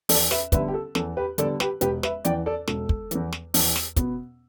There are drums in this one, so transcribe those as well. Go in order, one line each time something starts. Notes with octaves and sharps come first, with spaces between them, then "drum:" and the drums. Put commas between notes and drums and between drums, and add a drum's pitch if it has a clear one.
E2 A4 D5, drum: open hi-hat
B4 E5, drum: snare
D3 G3 B3 B4 E5, drum: kick, hi-hat
G4
A4
E2 A4, drum: snare
G4 B4
D3 G3 B3 A4 D5, drum: hi-hat
G4 B4, drum: snare
E1 G4 B4, drum: hi-hat
B4 E5, drum: snare
E2 E3 D5 G5, drum: hi-hat
A4 D5
E1 A4, drum: snare
drum: kick
E2 E3, drum: hi-hat
drum: snare
E2, drum: open hi-hat
drum: snare
B2 B3, drum: kick, hi-hat